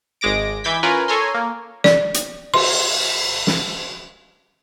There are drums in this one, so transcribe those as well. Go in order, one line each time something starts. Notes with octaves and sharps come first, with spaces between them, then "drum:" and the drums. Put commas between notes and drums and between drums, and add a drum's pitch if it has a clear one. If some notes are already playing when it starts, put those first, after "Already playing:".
G#1 G#3 D6 A#6 D7
E3 D6 G6 G#6 B6
C#4 F4 A#4 B4 G#5
A4 C#5 G#5 A#5 C6
A#3
D5, drum: snare
drum: hi-hat
C6, drum: cymbal
drum: snare